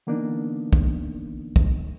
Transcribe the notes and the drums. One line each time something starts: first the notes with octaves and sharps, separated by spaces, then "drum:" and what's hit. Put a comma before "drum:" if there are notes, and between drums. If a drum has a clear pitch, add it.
D3 E3 A#3 B3 D4 D#4
drum: kick
drum: kick